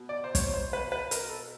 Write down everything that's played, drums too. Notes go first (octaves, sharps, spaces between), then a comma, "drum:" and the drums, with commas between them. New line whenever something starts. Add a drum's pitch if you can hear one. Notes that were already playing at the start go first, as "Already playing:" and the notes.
Already playing: B2
D5
C5
C#5, drum: kick, hi-hat
C5
B4
B4
A#4, drum: hi-hat
A4